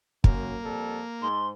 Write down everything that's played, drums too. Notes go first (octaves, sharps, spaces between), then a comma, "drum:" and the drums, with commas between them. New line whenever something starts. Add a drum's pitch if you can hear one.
F#2 A#3, drum: kick
F2 G3 A4
G#2 C6